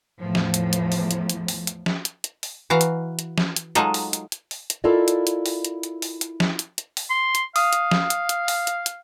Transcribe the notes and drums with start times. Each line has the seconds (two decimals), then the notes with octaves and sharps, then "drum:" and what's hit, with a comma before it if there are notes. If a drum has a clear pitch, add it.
0.18 E2 A2 E3 F3
0.35 drum: snare
0.54 drum: hi-hat
0.73 drum: hi-hat
0.92 drum: open hi-hat
1.11 drum: hi-hat
1.30 drum: hi-hat
1.48 drum: open hi-hat
1.67 drum: hi-hat
1.86 drum: snare
2.05 drum: hi-hat
2.24 drum: hi-hat
2.43 drum: open hi-hat
2.70 E3 F#4 F5 A#5
2.81 drum: hi-hat
3.19 drum: hi-hat
3.38 drum: snare
3.56 drum: hi-hat
3.75 F#3 G#3 D#4 F4 A4 D#5, drum: hi-hat
3.94 drum: open hi-hat
4.13 drum: hi-hat
4.32 drum: hi-hat
4.51 drum: open hi-hat
4.70 drum: hi-hat
4.84 E4 F4 A4 A#4 D5 D#5
5.08 drum: hi-hat
5.27 drum: hi-hat
5.46 drum: open hi-hat
5.65 drum: hi-hat
5.83 drum: hi-hat
6.02 drum: open hi-hat
6.21 drum: hi-hat
6.40 drum: snare
6.59 drum: hi-hat
6.78 drum: hi-hat
6.97 drum: open hi-hat
7.10 C6
7.35 drum: hi-hat
7.56 F5 D#6, drum: open hi-hat
7.73 drum: hi-hat
7.91 drum: snare
8.10 drum: hi-hat
8.29 drum: hi-hat
8.48 drum: open hi-hat
8.67 drum: hi-hat
8.86 drum: hi-hat